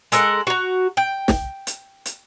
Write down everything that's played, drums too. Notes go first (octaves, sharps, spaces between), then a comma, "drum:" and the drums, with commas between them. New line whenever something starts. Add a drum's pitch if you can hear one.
G#3 A4 A#4 F#5, drum: hi-hat
F#4 A#5
G5
drum: snare
drum: hi-hat
drum: hi-hat